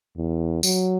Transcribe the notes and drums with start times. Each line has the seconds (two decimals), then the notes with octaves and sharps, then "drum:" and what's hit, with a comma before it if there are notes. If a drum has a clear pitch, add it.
0.16 E2
0.63 F#3, drum: tambourine